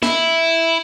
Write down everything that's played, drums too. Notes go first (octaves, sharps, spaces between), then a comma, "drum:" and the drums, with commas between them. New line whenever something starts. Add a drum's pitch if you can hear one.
E4, drum: snare